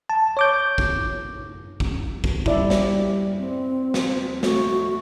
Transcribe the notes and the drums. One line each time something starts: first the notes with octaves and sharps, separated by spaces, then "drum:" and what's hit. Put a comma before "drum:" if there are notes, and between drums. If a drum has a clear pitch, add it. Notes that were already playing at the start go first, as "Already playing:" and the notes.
A5
C#5 D6 G6
drum: kick
drum: kick
drum: kick
G3 E4 D5 E5, drum: kick
drum: snare
C4
drum: snare
A3 F#4, drum: snare